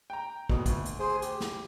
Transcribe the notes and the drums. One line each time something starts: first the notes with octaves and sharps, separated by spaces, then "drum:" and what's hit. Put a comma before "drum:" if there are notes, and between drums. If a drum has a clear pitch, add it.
G5 A#5
A#1 F2 B2, drum: kick
D2, drum: kick, hi-hat
drum: hi-hat
G#4 C5
G4, drum: hi-hat
drum: snare